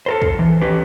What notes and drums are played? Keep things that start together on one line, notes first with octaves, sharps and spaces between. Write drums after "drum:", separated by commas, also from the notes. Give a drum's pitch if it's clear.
A4 A#4 C5
drum: kick
E3
C#4 G4 B4